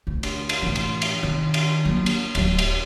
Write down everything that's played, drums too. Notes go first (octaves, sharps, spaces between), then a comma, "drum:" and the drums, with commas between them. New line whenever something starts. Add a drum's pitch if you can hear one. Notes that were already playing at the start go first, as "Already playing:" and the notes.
D2
drum: cymbal
drum: cymbal
A2 E3
drum: cymbal
drum: cymbal
D#3
drum: cymbal
F#3 A#3
drum: cymbal
D1 F#3, drum: cymbal
drum: cymbal